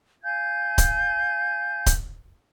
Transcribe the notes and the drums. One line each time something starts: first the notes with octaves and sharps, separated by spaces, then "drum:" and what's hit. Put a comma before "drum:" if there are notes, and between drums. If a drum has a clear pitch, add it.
F5 G#5 G6 G#6
drum: kick D1, hi-hat
drum: kick D1, hi-hat